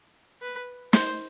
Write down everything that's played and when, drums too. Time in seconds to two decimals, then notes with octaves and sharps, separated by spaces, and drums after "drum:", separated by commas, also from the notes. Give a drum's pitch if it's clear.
0.42 B4
0.93 C5, drum: snare